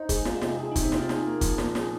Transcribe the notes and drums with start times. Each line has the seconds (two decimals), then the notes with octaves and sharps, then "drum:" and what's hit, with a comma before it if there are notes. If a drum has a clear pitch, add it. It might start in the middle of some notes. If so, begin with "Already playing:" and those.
Already playing: D#4 C5 D#5
0.09 G#3 G#4, drum: kick, hi-hat
0.25 D#4 F4, drum: snare
0.37 F4
0.41 C3 G#4, drum: snare
0.58 F4 G#4
0.71 D#4
0.76 C3, drum: kick, hi-hat
0.84 C4
0.92 D#4 F4, drum: snare
1.09 G#4, drum: snare
1.25 A#3
1.41 F3, drum: kick, hi-hat
1.58 A#2, drum: snare
1.75 G#4, drum: snare